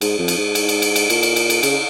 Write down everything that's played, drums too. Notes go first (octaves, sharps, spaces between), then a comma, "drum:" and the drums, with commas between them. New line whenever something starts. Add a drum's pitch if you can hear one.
G#2, drum: cymbal
F2
drum: cymbal
G#2
drum: cymbal
drum: cymbal
drum: cymbal
drum: cymbal
A#2, drum: cymbal
drum: cymbal
drum: cymbal
drum: cymbal
C#3, drum: cymbal